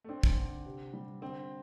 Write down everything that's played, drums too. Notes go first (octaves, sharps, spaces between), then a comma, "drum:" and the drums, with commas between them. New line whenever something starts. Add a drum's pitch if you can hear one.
A3
C4 D4
drum: kick
D3
C3
G3
D3 C4